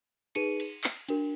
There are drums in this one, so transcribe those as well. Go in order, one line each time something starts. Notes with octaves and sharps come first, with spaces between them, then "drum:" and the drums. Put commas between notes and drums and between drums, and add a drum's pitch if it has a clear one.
D#4 G#4 B4 C#7 D#7, drum: cymbal
drum: cymbal
drum: clap
D4 F#4 A#4, drum: cymbal